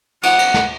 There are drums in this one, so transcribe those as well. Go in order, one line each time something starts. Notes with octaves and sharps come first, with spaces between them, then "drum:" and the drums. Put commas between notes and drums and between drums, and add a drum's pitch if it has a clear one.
F#5, drum: cymbal
drum: cymbal
drum: snare